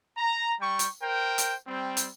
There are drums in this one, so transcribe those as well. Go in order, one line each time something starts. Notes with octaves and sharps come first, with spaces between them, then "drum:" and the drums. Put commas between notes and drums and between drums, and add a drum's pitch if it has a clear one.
A#5
G3 G5 C#6
drum: hi-hat
A#4 C5 G5
drum: hi-hat
G3 C4
drum: hi-hat